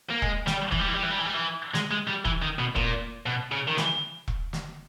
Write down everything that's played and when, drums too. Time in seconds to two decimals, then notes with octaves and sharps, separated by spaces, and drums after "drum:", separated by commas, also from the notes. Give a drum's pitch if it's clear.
0.10 A#3
0.22 G#3, drum: kick E1
0.47 G3, drum: snare
0.72 E3, drum: kick E1
0.79 G3
0.88 E3
0.95 G3
1.03 E3
1.11 G3
1.19 E3
1.26 G3
1.34 E3
1.74 G#3, drum: snare
1.91 G#3
2.07 G3
2.25 E3, drum: kick E1
2.42 D#3
2.59 B2
2.76 A#2, drum: kick E1
3.26 B2
3.52 C#3
3.67 D#3
3.77 E3, drum: snare
4.28 drum: kick E1
4.53 drum: snare